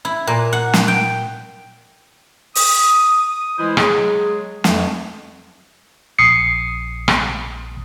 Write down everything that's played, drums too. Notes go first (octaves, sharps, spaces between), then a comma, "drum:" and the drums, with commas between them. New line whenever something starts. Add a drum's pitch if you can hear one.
E4
A#2
F#5
drum: snare
G5
D#6, drum: open hi-hat
E3 G#3 E4 C5
F#3 G#3 G#4, drum: rim click
F2 E3 F3 A3, drum: snare
A#1 D#6 C7 C#7
drum: rim click